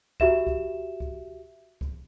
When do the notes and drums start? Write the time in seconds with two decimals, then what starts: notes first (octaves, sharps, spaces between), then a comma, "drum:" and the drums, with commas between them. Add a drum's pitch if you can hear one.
0.20 F#4 G4 E5 E7, drum: kick C#2
0.47 drum: kick C#2
1.00 drum: kick C#2
1.81 drum: kick C#2